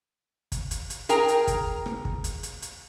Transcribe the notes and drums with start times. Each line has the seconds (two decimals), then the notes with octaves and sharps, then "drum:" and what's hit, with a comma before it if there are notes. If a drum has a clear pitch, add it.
0.52 drum: kick, hi-hat
0.71 drum: hi-hat
0.90 drum: hi-hat
1.09 G#4 A#4 G5 A#5, drum: hi-hat
1.28 drum: hi-hat
1.47 drum: kick, hi-hat
1.86 drum: rim click
2.05 drum: kick
2.24 drum: hi-hat
2.43 drum: hi-hat
2.62 drum: hi-hat